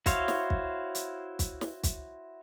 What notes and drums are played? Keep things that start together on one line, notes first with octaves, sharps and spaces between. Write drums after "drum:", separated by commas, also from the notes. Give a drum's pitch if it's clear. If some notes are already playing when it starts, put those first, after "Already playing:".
E4 F#4 C5 C#5 F5, drum: kick, hi-hat
drum: snare
drum: kick
drum: hi-hat
drum: kick, hi-hat
drum: snare
drum: kick, hi-hat